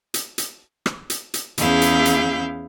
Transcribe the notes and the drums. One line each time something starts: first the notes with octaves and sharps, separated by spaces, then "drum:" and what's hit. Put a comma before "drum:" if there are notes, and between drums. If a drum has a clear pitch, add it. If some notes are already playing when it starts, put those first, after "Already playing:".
drum: hi-hat
drum: hi-hat
drum: rim click
drum: hi-hat
drum: hi-hat
E2 C#4 E4 G#4 F5 G6, drum: hi-hat
drum: hi-hat
drum: hi-hat